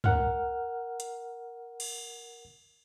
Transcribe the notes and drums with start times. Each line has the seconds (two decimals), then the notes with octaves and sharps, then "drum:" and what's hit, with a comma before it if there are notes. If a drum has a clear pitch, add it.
0.04 A#4 F#5 F6, drum: tom
1.00 drum: hi-hat
1.80 drum: cymbal